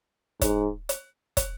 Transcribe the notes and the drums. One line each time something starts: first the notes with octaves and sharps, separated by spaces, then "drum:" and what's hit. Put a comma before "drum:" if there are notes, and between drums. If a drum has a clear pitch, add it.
G#2, drum: kick, hi-hat
drum: hi-hat
drum: kick, hi-hat